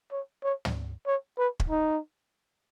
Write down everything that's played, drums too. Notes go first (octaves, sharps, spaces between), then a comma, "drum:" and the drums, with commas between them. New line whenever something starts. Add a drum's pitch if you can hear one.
C#5
C#5
drum: tom
C#5
B4
drum: kick
D#4